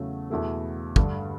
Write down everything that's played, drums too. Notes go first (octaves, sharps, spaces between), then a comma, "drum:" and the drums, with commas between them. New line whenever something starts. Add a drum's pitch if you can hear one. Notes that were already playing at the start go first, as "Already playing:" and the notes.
Already playing: E2 C#3 F#3 A3 E4
E2 B2 A3 E4 A4
G2 D3 A3, drum: kick